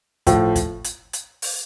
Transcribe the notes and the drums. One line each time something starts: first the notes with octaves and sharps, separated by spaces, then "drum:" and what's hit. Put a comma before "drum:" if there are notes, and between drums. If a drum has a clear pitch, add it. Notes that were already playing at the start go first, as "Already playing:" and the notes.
A2 F3, drum: kick, hi-hat
drum: kick, hi-hat
drum: hi-hat
drum: hi-hat
drum: open hi-hat